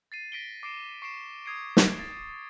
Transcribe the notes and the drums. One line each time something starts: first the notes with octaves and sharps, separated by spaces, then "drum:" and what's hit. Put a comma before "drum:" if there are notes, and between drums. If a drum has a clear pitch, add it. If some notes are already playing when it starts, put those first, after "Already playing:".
A6 C7 D#7
A#6 B6 D7 G7
D6 C7 D7 E7
C#6 C7 D7 E7
D#6 G#6 C7 D7
drum: snare
G#6 A6